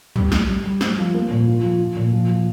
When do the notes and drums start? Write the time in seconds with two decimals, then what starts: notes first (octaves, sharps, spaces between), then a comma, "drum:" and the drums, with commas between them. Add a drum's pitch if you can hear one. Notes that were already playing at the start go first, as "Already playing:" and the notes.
0.16 G3, drum: tom
0.32 G3, drum: snare
0.49 G3
0.64 G3
0.81 C4, drum: snare
0.98 F3
1.14 A#3
1.31 A#2
1.47 F4
1.63 F3
1.80 F4
1.97 A#2
2.13 F3
2.30 F3